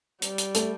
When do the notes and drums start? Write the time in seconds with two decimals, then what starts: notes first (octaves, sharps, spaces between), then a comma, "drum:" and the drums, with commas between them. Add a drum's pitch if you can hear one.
0.22 G3, drum: hi-hat
0.38 drum: hi-hat
0.55 A3, drum: hi-hat